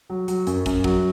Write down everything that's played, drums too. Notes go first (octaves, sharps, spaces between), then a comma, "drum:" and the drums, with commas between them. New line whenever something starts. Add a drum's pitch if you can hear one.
F#3
F#3, drum: hi-hat
F#2, drum: hi-hat
F#2, drum: kick, hi-hat
F#3, drum: kick